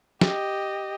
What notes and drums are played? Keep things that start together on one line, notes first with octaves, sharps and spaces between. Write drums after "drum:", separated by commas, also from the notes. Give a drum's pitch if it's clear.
G4 D#5, drum: snare